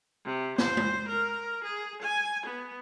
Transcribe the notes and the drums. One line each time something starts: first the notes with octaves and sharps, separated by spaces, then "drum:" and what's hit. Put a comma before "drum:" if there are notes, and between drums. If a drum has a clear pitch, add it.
C3
C5, drum: snare
drum: tom G#3
A#4
G#4
G#5
B3